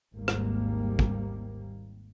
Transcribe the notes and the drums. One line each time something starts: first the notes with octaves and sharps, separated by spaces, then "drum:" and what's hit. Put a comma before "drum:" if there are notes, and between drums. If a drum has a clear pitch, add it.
G#1 D#2 G#2 G3 A#3
drum: rim click
drum: kick